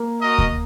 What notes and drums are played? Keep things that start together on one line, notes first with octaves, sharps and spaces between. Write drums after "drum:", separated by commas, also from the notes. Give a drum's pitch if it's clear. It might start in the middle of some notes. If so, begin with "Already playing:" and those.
Already playing: A#3
F#4 A#4 D#5
drum: kick D2